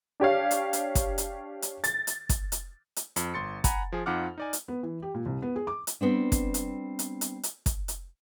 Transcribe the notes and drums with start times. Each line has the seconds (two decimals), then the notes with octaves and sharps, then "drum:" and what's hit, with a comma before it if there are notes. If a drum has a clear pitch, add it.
0.20 D4 G4 C#5 F5
0.51 drum: hi-hat
0.73 drum: hi-hat
0.95 drum: kick, hi-hat
1.18 drum: hi-hat
1.62 drum: hi-hat
1.84 A6, drum: hi-hat
2.07 drum: hi-hat
2.29 drum: kick, hi-hat
2.52 drum: hi-hat
2.96 drum: hi-hat
3.16 F2, drum: hi-hat
3.34 G1 C6 A6 C#7
3.64 F#5 G#5 A#5 B5, drum: kick, hi-hat
3.92 F3 G#4
4.06 F2 D#4 F4 F#5 D6 F6
4.38 D#4 D5 G#5
4.53 drum: hi-hat
4.68 B3
4.83 E3
5.02 G4
5.14 A#2
5.26 C2
5.42 B3
5.56 G#4
5.67 D6
5.87 drum: hi-hat
6.01 G3 B3 C4 D4
6.32 drum: kick, hi-hat
6.54 drum: hi-hat
6.99 drum: hi-hat
7.21 drum: hi-hat
7.43 drum: hi-hat
7.66 drum: kick, hi-hat
7.88 drum: hi-hat